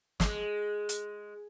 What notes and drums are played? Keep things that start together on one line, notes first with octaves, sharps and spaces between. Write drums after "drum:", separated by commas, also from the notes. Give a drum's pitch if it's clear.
G#3, drum: snare
drum: hi-hat